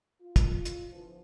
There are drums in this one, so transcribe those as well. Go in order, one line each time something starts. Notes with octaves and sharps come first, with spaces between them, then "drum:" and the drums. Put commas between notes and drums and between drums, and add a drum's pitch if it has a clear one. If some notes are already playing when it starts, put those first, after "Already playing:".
F4
drum: kick, hi-hat
drum: hi-hat
E2 D3 E3 F3